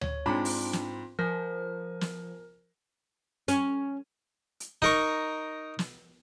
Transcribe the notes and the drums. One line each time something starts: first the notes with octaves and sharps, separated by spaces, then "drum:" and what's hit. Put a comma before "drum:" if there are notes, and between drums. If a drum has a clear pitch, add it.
C#5, drum: tom D2
G#2 C4 D4 F4 B5 D6
drum: open hi-hat
drum: snare
F3 A#4 G#5 A#6
drum: snare
C#4, drum: hi-hat
drum: hi-hat
D#4 A#4 C#6, drum: kick
drum: snare